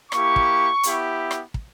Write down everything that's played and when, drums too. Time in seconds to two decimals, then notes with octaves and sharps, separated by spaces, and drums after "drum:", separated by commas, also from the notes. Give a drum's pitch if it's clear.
0.12 A#3 E4 G4 C#6, drum: rim click
0.36 drum: kick
0.83 B3 E4 G4, drum: hi-hat
1.31 drum: rim click
1.54 drum: kick